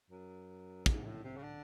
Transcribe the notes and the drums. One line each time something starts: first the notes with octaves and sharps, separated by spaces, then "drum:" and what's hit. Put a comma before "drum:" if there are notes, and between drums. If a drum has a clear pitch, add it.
F#2
G#2, drum: kick
A2
C3
C#3
D3